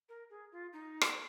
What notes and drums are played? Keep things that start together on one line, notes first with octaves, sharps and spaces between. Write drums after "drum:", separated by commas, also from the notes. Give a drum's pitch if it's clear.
A#4
G#4
F4
D#4
drum: rim click